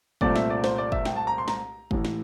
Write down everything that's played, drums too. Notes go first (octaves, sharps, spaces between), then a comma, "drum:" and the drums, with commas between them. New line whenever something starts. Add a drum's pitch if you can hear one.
C2 A#2 A3 C4 D5, drum: kick
E5, drum: snare
D5
C5, drum: snare
D5
E5, drum: kick
G5, drum: snare
A5
A#5
C6
A#5, drum: snare
A1 A2 E3, drum: kick
drum: snare